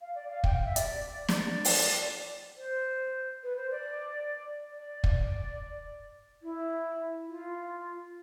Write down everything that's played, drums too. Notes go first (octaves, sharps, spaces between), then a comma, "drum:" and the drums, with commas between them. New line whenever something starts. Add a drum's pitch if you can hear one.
F5
D5
F5
G5, drum: kick
F5
E5
D5, drum: hi-hat
D5, drum: snare
drum: open hi-hat
C5
B4
C5
D5
D5
drum: kick
E4
F4